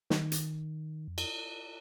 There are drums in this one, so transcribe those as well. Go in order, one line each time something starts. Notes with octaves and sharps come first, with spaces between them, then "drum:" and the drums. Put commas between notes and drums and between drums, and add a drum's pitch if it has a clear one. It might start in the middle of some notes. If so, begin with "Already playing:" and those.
D#3, drum: snare
drum: hi-hat
F2
drum: cymbal